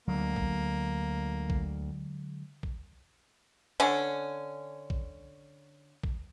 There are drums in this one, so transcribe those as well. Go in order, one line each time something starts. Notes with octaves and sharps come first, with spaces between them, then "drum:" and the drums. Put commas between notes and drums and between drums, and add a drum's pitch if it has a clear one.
D2 D3 F#3 G#3 A#3
drum: kick
drum: kick
drum: kick
D3 C#4
drum: kick
drum: kick